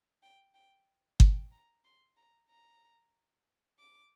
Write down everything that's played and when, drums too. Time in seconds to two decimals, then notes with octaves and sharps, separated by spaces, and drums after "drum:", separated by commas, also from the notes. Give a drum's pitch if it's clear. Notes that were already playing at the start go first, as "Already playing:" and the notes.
0.23 G5
0.55 G5
1.20 G5, drum: kick G1
1.51 A#5
1.85 C6
2.17 A#5
2.50 A#5
3.79 D6